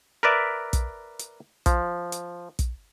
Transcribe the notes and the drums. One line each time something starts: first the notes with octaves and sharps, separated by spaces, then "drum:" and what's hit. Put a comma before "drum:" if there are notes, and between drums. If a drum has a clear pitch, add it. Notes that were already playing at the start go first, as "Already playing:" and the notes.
A#4 B4 D5 E5
drum: kick, hi-hat
drum: hi-hat
F3, drum: kick, hi-hat
drum: hi-hat
drum: kick, hi-hat